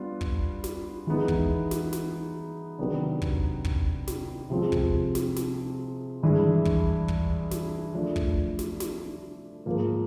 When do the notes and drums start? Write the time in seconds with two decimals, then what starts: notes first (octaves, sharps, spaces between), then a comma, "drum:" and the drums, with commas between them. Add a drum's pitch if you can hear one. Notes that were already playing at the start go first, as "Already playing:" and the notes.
Already playing: G3 B3 D4 F4
0.21 drum: kick
0.64 drum: snare
1.07 E3 G#3 B3 D#4
1.28 drum: kick
1.71 drum: snare
1.93 drum: snare
2.78 C3 D#3 F#3 B3 D4
3.22 drum: kick
3.65 drum: kick
4.07 drum: snare
4.50 C3 F3 G#3 C4
4.72 drum: kick
5.15 drum: snare
5.36 drum: snare
6.23 G2 E3 G#3
6.65 drum: kick
7.08 drum: kick
7.51 drum: snare
7.94 F3 A3 D4
8.16 drum: kick
8.59 drum: snare
8.80 drum: snare
9.66 G#2 F3 A#3